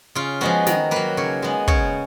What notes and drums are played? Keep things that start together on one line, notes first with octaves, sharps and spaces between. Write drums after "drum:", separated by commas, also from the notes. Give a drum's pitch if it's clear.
C#3 F4
F3 G#3 B3 F#4
D#3 A#4, drum: snare
F#3 A#3 B4
C#3 C#5
G#3 B3
C#3 C#5, drum: kick